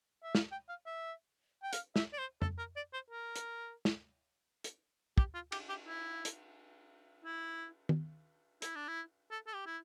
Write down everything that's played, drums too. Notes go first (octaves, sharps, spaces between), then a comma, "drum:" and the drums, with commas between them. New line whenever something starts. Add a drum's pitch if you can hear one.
E5
F5, drum: snare
G5
F5
E5
G5
F5, drum: hi-hat
E5, drum: snare
D5
C5
A4, drum: tom F2
A#4
D5
C5
A#4
drum: hi-hat
drum: snare
drum: hi-hat
G4, drum: kick
F4
G4, drum: cymbal
G4
E4
drum: hi-hat
E4
drum: tom D#3
E4, drum: hi-hat
D4
E4
A4
A4
G4
E4